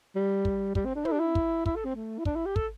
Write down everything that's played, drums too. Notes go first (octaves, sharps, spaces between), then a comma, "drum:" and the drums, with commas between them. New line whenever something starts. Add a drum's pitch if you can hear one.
G3
drum: kick
G3, drum: kick
C4
D4
E4, drum: tom
D4
E4
drum: kick
E4, drum: kick
A4
C4
A3
E4
D4, drum: kick
E4
G4
A4, drum: kick